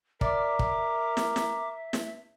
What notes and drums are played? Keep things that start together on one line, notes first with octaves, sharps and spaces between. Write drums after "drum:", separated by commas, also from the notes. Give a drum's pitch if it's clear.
A#4 D5 E5 D6, drum: kick
drum: kick
drum: snare
drum: snare
drum: snare